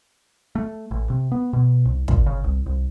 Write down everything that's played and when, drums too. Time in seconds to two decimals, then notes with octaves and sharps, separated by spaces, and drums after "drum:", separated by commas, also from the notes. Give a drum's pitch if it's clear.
0.55 A3
0.91 A1
1.10 C3
1.32 B3
1.53 B2
1.85 C2
2.08 A#2, drum: kick
2.26 C#3
2.44 C2
2.66 C2